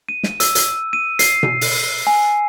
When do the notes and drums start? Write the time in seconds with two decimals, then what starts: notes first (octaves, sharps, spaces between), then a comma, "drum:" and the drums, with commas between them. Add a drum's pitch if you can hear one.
0.09 D#7
0.23 drum: snare
0.40 E6, drum: hi-hat
0.55 drum: hi-hat
0.93 D#7
1.19 C7, drum: hi-hat
1.43 drum: tom B2
1.61 drum: open hi-hat
2.07 G#5